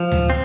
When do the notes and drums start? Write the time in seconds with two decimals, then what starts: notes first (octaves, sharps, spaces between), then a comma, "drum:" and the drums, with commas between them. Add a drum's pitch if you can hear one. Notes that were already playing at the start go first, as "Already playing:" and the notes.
Already playing: F3
0.12 drum: tom D2
0.30 C4